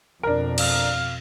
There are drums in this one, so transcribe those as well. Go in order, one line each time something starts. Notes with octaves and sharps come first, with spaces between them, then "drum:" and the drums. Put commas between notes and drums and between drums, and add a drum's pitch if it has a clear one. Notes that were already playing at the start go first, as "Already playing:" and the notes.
F2 B2 D4 A#4
F5, drum: cymbal